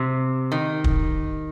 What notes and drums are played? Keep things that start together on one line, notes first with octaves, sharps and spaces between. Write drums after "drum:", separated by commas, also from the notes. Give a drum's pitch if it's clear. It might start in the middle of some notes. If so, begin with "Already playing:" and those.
Already playing: C3
D#3
drum: kick